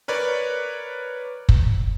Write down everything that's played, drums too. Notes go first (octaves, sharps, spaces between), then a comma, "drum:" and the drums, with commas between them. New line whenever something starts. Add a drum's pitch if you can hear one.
A#4 B4 C#5 D5
drum: kick